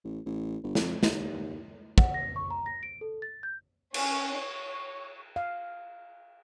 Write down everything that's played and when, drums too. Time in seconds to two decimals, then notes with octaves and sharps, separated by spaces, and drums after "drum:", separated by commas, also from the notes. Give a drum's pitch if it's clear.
0.04 A1
0.26 A1
0.63 G1
0.75 F2, drum: snare
1.03 D#2, drum: snare
1.98 F#5, drum: kick
2.14 A#6
2.36 C#6
2.51 A#5
2.66 A#6
2.83 D7
3.01 A4
3.22 A6
3.43 G6
3.94 C#4, drum: cymbal
4.37 C#5
5.36 F5